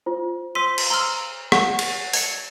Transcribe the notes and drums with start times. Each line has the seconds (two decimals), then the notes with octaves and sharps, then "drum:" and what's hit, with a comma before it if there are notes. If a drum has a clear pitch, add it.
0.06 F4 C5
0.55 C5 C6 E6 B6 D#7
0.78 drum: cymbal
0.90 A#5 C6 E6 F6
1.52 F#5 C#6, drum: rim click
1.79 drum: cymbal
2.13 G#6 C#7, drum: open hi-hat